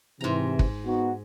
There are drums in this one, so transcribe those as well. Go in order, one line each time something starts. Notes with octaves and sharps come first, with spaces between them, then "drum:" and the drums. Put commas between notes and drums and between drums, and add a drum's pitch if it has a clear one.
G#2 C3 E3 A#5
drum: kick
B3 D#4 F#4